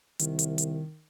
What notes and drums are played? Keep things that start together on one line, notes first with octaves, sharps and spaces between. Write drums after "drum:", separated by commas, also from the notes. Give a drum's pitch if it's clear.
C2 D#3, drum: hi-hat
drum: hi-hat
drum: hi-hat